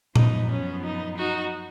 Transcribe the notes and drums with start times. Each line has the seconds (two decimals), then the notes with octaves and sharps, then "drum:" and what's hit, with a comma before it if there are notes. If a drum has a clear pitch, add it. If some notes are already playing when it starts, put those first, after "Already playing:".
0.16 F#2 F3 B3 D#4, drum: tom A#2
0.50 C#4
0.83 D#4
1.17 D#4 F#4